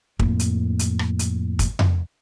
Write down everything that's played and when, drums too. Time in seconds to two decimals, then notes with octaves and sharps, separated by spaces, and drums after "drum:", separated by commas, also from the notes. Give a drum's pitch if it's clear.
0.19 F2 A2 A#3, drum: kick
0.39 drum: hi-hat
0.79 drum: hi-hat
0.99 drum: rim click
1.19 drum: hi-hat
1.59 drum: kick, hi-hat
1.79 drum: tom F2